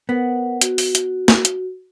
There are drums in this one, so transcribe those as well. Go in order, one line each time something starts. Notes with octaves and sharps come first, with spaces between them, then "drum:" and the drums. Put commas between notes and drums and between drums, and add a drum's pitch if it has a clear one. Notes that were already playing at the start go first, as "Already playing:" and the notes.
B3 A#4 C5 F#5
F#4, drum: hi-hat
drum: open hi-hat
drum: hi-hat
drum: snare
drum: hi-hat